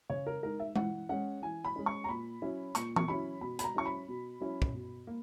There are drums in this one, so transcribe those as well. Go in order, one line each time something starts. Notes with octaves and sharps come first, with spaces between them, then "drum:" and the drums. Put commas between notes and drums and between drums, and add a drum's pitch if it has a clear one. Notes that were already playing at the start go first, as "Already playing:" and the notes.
C#3 C#5
A#4
G#3 D#4 A#4
E5
E3 F#5, drum: tom G#3
G#3 C#4 F#5
E3 G#5
B5
G#3 C#4
C#6
A#5
A#2 B5
F#3 C#4 E4
A#2 C#6, drum: hi-hat
C#6, drum: tom E3
F#3 C#4 E4 B5
B2 B5
B5, drum: hi-hat
A#5
F#3 C#4 E4 C#6
B5
B2
F#3 C#4 E4
drum: kick
B2
A#3